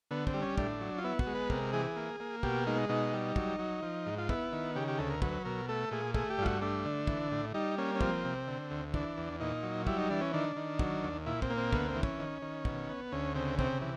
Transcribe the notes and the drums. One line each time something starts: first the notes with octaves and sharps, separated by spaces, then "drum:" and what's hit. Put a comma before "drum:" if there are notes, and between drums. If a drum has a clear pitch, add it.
D3 B3
C4, drum: kick
G3
C#4
A2 D4, drum: kick
F#3
F4
B3 E4
F#4, drum: kick
G#3
B4
C3 A#4, drum: kick
E3 G#4
A#3
A#3
B2 G4, drum: kick
G#3 D#4
B2 D#4
G3
F#3, drum: kick
F#3
F3
G#2
F4
B3 E4, drum: kick
D#3
C#3 G4
G4
D2 A4
A#4
F#3 B4, drum: kick
B2 A#4
A3 A4
A#2 G#4
A3 G#4, drum: kick
G4
G2 F4
F#4, drum: kick
A3 D4
D3
E3, drum: kick
A2
G3 D#4
A#3 C#4
C#4
F3 C4, drum: kick
C3
D3
D2
E3 D4, drum: kick
E2
A#2 D#4
F#3
G3 E4, drum: kick
D#4
E3 D4
C#4
D#3 D4
D#3
F#3, drum: kick
D#2
A#2 E4
C4, drum: kick
A#3
C4
D2 B3, drum: kick
C4
E3
C#4, drum: kick
D#3
D#3
B2, drum: kick
B3
D2 C#4
C#3 C4
C3 C4, drum: kick
E3